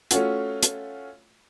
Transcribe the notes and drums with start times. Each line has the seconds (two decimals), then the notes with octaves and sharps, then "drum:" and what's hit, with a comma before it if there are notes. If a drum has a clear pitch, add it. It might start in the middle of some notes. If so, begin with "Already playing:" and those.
0.11 A3 C#4 F4 F#4, drum: hi-hat
0.63 drum: hi-hat